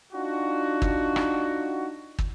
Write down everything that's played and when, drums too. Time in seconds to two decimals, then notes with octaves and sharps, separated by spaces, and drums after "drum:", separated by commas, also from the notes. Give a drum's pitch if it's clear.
0.13 D4 D#4 F4 F#4
0.82 drum: kick
1.16 drum: rim click
2.19 drum: kick